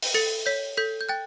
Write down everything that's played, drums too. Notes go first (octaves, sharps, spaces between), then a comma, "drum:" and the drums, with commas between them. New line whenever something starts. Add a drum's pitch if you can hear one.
drum: open hi-hat
A4 A6 C#7
C#5 G6 B6
A4 G6 B6
G6
G5 F#6 A6